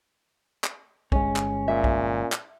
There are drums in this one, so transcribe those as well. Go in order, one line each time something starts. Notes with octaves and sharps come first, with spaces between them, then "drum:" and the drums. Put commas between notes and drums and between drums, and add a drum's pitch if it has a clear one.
drum: clap
G1 G#3 C#4, drum: kick B1
drum: clap
A#2 E5
drum: kick B1
drum: clap